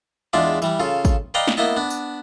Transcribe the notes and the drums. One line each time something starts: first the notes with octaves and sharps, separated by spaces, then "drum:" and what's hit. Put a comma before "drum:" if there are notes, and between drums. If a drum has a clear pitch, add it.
E2 G#3 D4 F4 D5 E5
E3 G3, drum: tambourine
C#3 F4 A4
drum: kick, tambourine
B4 D5 D#5 F5 G5 A#5
drum: snare
A#3 B3 E4 D#5 A5
B3 D4
drum: tambourine